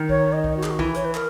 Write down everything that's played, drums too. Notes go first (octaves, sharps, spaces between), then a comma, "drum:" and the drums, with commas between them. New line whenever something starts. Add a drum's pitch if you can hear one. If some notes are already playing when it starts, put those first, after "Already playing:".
Already playing: D#3
C#5, drum: kick B1
D#5
drum: kick B1
F#4
G#4, drum: clap
F#4
E3 E4, drum: kick B1
C#5, drum: hi-hat
B4
A#4, drum: clap